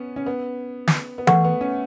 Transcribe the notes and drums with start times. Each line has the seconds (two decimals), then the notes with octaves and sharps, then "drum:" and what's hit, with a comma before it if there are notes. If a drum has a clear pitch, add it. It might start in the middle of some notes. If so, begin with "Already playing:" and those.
Already playing: B3 C#4
0.16 C#4
0.26 B3
0.87 drum: snare
1.18 B3
1.27 A3 B4 F#5 C#6, drum: tom E3
1.45 B3
1.61 C#4